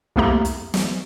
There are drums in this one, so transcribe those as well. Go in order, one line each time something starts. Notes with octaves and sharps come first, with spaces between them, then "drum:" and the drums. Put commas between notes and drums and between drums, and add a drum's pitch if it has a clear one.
C2 F2 A3 A#3 G4 A#5
drum: hi-hat
drum: snare